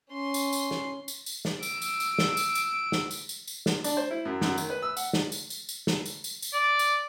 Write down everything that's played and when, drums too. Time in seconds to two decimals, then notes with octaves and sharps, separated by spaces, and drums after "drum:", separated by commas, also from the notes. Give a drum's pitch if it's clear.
0.11 C#4 C6
0.34 drum: tambourine
0.53 drum: tambourine
0.71 drum: snare
1.08 drum: tambourine
1.26 drum: tambourine
1.45 drum: snare
1.63 E6 D7, drum: tambourine
1.82 drum: tambourine
2.00 drum: tambourine
2.18 drum: snare
2.37 drum: tambourine
2.55 drum: tambourine
2.92 drum: snare
3.11 drum: tambourine
3.29 drum: tambourine
3.48 drum: tambourine
3.66 drum: snare
3.84 D4, drum: tambourine
3.97 C5
4.11 E4
4.25 F#2
4.41 F#2, drum: snare
4.58 D#3, drum: tambourine
4.70 B4
4.82 E6
4.97 F#5, drum: tambourine
5.13 drum: snare
5.32 drum: tambourine
5.50 drum: tambourine
5.69 drum: tambourine
5.87 drum: snare
6.06 drum: tambourine
6.24 drum: tambourine
6.42 drum: tambourine
6.54 D5
6.79 drum: tambourine